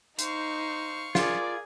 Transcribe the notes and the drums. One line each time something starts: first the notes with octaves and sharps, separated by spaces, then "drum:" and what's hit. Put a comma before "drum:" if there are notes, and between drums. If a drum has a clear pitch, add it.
D#4 C5 F5 C#6, drum: hi-hat
F4 G#4 A#4 D5 G#6, drum: snare